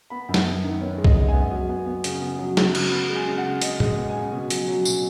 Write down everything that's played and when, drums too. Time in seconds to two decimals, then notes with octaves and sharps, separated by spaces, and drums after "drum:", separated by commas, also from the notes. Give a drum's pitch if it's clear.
0.10 B3 B5
0.29 F#2
0.34 F#5, drum: snare
0.45 B3
0.64 D#3
0.81 B3 C#5
0.98 G#3
1.04 D#5, drum: kick C2
1.16 G#3
1.28 G#5
1.33 B3
1.51 F#3
1.69 B3
1.87 B3
2.04 C#3, drum: hi-hat
2.22 B3
2.39 F#3
2.57 C#3, drum: snare
2.75 F#3, drum: cymbal
2.91 B3 B5
3.09 G#3
3.15 G#5
3.27 C#3
3.38 F#5
3.45 C#3
3.62 C#3 D#5, drum: hi-hat
3.80 G#3 D#5, drum: tom
3.97 B3
4.09 G#5
4.15 C#3
4.32 B2
4.50 F#3, drum: hi-hat
4.68 F#3
4.85 B2, drum: tambourine